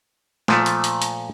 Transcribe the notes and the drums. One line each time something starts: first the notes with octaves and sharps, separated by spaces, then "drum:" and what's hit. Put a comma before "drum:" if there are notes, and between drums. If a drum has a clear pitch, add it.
A#2 F3 A3, drum: snare
drum: hi-hat
drum: hi-hat
drum: hi-hat